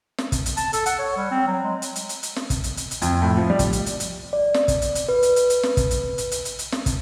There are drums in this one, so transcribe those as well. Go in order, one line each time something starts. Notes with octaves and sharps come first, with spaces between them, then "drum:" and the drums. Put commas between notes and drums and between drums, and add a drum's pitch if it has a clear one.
drum: snare
drum: kick, hi-hat
drum: hi-hat
A5, drum: hi-hat
A4, drum: hi-hat
F#5, drum: hi-hat
C#5
G3
C4
F#3
G#3
drum: hi-hat
drum: hi-hat
drum: hi-hat
drum: hi-hat
drum: snare
drum: kick, hi-hat
drum: hi-hat
drum: hi-hat
drum: hi-hat
F2, drum: hi-hat
A2
F3
G3
drum: kick, hi-hat
drum: hi-hat
drum: hi-hat
drum: hi-hat
D5
drum: snare
drum: kick, hi-hat
drum: hi-hat
drum: hi-hat
B4
drum: hi-hat
drum: hi-hat
drum: hi-hat
drum: snare
drum: kick, hi-hat
drum: hi-hat
drum: hi-hat
drum: hi-hat
drum: hi-hat
drum: hi-hat
drum: snare
drum: kick, hi-hat